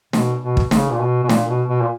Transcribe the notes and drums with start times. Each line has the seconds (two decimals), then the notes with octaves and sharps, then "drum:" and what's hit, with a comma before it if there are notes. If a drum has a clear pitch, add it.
0.13 B2, drum: snare
0.42 B2
0.57 drum: kick
0.71 C#3, drum: snare
0.91 A#2
1.01 B2
1.24 B2
1.29 A#2, drum: snare
1.49 B2
1.68 B2
1.82 A#2